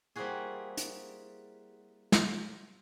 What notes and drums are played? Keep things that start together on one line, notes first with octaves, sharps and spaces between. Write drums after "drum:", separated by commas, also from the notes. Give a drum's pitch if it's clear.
G3 A#3 C4 E4 F#4 G#4
drum: hi-hat
drum: snare